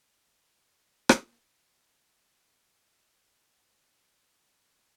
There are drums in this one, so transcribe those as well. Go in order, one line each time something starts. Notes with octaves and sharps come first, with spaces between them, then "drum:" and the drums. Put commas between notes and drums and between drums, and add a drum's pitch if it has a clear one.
C#6 D#6 G6 A#6 C7
drum: rim click
F3 C#4 E4